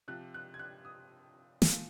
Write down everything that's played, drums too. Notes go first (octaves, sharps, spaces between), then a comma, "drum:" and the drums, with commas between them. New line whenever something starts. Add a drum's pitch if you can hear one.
C3 F3 F#6
F#6
G#6
F#6
D#6
A#2 F3, drum: snare